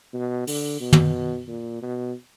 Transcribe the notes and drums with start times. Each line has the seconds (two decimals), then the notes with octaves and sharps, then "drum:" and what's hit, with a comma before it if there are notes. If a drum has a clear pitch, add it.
0.13 B2
0.47 D3, drum: open hi-hat
0.80 B2
0.93 drum: tom
1.48 A#2
1.82 B2